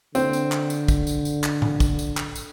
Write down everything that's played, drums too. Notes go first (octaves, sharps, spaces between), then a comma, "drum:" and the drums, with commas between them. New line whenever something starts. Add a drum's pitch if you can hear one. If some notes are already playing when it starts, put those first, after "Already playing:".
D3 C4, drum: tambourine
drum: tambourine
drum: clap
drum: tambourine
drum: kick, tambourine
drum: tambourine
drum: tambourine
drum: clap
drum: tom G#2
drum: kick, tambourine
drum: tambourine
drum: clap
drum: tambourine